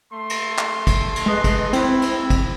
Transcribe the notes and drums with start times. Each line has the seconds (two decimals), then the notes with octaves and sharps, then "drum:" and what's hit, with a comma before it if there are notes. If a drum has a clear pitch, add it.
0.12 A3 C6
0.30 drum: cymbal
0.58 drum: clap
0.87 drum: kick, cymbal
1.16 drum: cymbal
1.26 G#3 B4 D#5
1.44 drum: kick, cymbal
1.73 C4 E4, drum: cymbal
2.02 drum: cymbal
2.30 drum: kick, cymbal